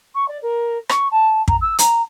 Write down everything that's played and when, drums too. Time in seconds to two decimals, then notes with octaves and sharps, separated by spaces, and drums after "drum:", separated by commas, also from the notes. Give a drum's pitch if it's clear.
0.14 C#6
0.28 D5
0.42 A#4
0.89 C#6, drum: rim click
1.11 A5
1.48 A#5, drum: kick
1.61 E6
1.78 A#5, drum: hi-hat